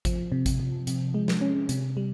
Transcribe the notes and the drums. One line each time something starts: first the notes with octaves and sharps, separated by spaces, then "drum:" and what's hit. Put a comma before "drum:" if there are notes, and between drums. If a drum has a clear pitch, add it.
F3, drum: kick A1, hi-hat
C3
drum: kick A1, hi-hat
C3
C3, drum: hi-hat
G#3
drum: snare
C#4
C3, drum: hi-hat
G3